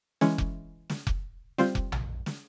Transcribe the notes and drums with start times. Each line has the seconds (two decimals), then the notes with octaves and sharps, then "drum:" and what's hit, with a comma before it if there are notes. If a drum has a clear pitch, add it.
0.21 E3 G#3 C#4, drum: snare
0.38 drum: kick F1
0.90 drum: snare
1.07 drum: kick F1
1.58 G3 C4 F4 C5, drum: snare
1.75 drum: kick F1
1.92 drum: tom
2.26 drum: snare